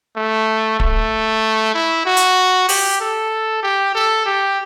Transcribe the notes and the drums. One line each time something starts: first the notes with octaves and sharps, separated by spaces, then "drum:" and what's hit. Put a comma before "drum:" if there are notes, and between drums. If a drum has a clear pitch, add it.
A3
A3, drum: kick D1
E4
F#4
drum: hi-hat
G4, drum: open hi-hat
A4
G4
A4
G4